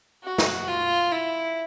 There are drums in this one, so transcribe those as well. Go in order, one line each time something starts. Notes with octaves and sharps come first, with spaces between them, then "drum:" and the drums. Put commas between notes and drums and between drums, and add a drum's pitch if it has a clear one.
F#4
drum: snare
F4
E4